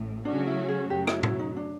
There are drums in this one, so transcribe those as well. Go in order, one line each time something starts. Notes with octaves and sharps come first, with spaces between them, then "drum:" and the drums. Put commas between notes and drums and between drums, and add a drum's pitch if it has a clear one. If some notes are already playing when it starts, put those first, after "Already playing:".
Already playing: A1 A2
C#3 F#3 A3 C#4 D4 F#4
E4
G#4
F#2 C#3 F#3 A3 G4
E4, drum: rim click
E4, drum: tom
D#4
D4